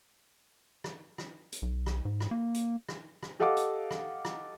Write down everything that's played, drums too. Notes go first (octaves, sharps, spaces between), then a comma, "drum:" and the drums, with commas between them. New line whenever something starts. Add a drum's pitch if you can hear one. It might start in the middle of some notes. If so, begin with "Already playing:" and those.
drum: rim click
drum: rim click
drum: hi-hat
B1
drum: rim click
G#2
drum: rim click
A#3
drum: hi-hat
drum: rim click
drum: rim click
G4 A4 D#5 F5 F#5 D6
drum: hi-hat
drum: rim click
drum: rim click